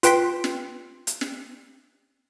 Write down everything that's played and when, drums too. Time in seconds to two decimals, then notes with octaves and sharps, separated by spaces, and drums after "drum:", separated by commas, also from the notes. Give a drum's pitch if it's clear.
0.03 F4 B4 G5 C6 B6, drum: hi-hat
0.44 drum: snare
1.07 drum: hi-hat
1.21 drum: snare